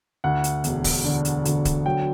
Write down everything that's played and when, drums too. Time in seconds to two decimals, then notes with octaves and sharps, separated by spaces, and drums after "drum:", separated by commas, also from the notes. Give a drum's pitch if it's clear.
0.24 D2 F#5
0.44 drum: hi-hat
0.64 E1, drum: hi-hat
0.84 drum: kick C#1, open hi-hat
1.05 D3
1.25 drum: hi-hat
1.45 D2, drum: hi-hat
1.65 drum: kick C#1, hi-hat
1.86 F#3 G5